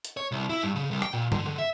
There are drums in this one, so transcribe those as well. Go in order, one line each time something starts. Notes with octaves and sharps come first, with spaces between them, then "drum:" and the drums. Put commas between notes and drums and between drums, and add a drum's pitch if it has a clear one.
drum: hi-hat
C#5
C2
E4
G2
C#3
C2
G5, drum: rim click
A#2
D3, drum: tom G2
D3
E5